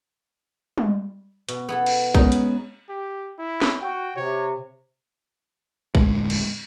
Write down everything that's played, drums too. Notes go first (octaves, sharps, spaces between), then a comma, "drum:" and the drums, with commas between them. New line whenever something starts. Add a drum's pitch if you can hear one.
drum: tom G3
B2, drum: hi-hat
B3 E4 A4
drum: cymbal
G#3 B3 C#4 D#4, drum: kick
drum: hi-hat
G4
E4
drum: snare
F#4 G5
C3 C#5
F1 D2 A2 G#3, drum: kick
drum: cymbal